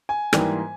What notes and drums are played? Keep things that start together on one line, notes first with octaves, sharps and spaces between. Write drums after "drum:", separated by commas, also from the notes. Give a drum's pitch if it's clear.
G#5
G#2 E3 G3 A#3, drum: rim click